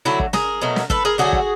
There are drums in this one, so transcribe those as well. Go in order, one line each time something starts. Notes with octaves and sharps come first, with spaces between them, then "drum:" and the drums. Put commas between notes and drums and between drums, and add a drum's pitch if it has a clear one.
D3 F#3 A3 E4 F#4
drum: kick
G#4 A#4, drum: snare
B2 F#3 A3
drum: snare
A4 B4, drum: kick
G#4 A#4
D3 F#3 A3 F#4 G#4
drum: kick